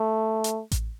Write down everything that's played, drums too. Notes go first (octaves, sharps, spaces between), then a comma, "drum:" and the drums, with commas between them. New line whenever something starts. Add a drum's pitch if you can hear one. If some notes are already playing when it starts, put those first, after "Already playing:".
Already playing: A3
drum: hi-hat
drum: kick A1, hi-hat